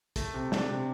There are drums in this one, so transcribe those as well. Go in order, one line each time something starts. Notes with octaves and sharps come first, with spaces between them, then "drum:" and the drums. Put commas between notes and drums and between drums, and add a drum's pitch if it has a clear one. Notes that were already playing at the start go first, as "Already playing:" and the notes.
A3, drum: kick, hi-hat
C3
D4, drum: snare
C3